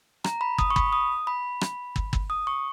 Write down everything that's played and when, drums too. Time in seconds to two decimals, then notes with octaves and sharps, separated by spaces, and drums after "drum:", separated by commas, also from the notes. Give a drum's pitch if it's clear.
0.24 A#5, drum: rim click
0.41 B5
0.58 D#6, drum: kick
0.70 C#6
0.76 B5, drum: kick
0.93 D#6
1.27 B5
1.61 drum: rim click
1.96 drum: kick
2.13 drum: kick
2.30 D#6
2.47 C#6